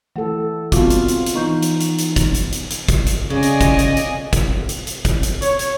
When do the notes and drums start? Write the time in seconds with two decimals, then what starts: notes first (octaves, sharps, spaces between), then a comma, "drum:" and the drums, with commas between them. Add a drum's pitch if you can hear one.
0.16 E3 A3 A4 F#5
0.72 G#3 B3 C4 F4 F#4 D6, drum: kick, hi-hat
0.90 drum: hi-hat
1.08 drum: hi-hat
1.26 drum: hi-hat
1.35 E3 B3 D#4 C#6 G6
1.62 drum: hi-hat
1.80 drum: hi-hat
1.98 drum: hi-hat
2.16 drum: kick, hi-hat
2.34 drum: hi-hat
2.52 drum: hi-hat
2.70 drum: hi-hat
2.88 drum: kick, hi-hat
3.07 drum: hi-hat
3.30 C#3 D5 D#5 G#5
3.43 drum: hi-hat
3.61 drum: kick, hi-hat
3.79 drum: hi-hat
3.97 drum: hi-hat
4.33 drum: kick, hi-hat
4.69 drum: hi-hat
4.87 drum: hi-hat
5.05 drum: kick, hi-hat
5.23 drum: hi-hat
5.42 C#5, drum: hi-hat
5.59 drum: hi-hat